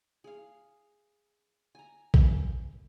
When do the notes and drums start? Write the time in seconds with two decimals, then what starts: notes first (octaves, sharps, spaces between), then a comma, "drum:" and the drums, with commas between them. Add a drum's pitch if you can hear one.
0.24 G#4 F5
1.75 G#5 A#5
2.14 F5 G5 G#5, drum: kick A#1